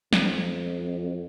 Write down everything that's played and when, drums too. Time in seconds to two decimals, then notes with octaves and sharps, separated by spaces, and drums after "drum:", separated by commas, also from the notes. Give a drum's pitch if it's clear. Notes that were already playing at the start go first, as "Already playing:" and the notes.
0.13 F2, drum: snare